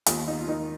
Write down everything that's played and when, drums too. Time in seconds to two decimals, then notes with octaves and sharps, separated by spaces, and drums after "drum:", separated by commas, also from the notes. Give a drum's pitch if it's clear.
0.06 D#2 F4, drum: hi-hat
0.27 D#4
0.41 F4
0.48 D#3 D#4